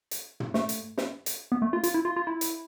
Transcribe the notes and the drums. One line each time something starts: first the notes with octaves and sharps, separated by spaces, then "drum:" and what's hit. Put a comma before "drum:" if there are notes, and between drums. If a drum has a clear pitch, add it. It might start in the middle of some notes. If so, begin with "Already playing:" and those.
drum: hi-hat
drum: tom
A3, drum: snare
drum: hi-hat
drum: snare
drum: hi-hat
B3
A3
F4
F4, drum: hi-hat
E4
F4
F4
E4
drum: hi-hat